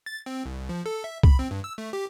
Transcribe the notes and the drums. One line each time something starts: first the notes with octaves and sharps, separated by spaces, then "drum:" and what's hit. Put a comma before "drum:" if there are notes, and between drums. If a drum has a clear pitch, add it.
A6
C4
C2
F3
A4
E5
B5, drum: kick C2
C4
G2
E6
A3
G4